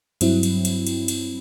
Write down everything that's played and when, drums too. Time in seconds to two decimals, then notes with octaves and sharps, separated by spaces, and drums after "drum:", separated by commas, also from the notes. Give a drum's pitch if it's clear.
0.21 G2 F#3 C4 E4, drum: cymbal
0.43 drum: cymbal
0.65 drum: cymbal
0.87 drum: cymbal
1.08 drum: cymbal